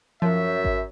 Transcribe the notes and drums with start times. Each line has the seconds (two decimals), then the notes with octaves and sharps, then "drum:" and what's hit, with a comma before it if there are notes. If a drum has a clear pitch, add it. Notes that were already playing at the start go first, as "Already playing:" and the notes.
0.22 F#2 F3 E5
0.64 drum: kick G#1